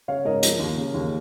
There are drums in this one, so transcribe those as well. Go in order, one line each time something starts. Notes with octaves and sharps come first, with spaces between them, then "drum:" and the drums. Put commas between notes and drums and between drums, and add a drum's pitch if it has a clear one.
C#3 C#5 F5
G#2 A#4 D#5
F3, drum: hi-hat
D#2
C#3
D#2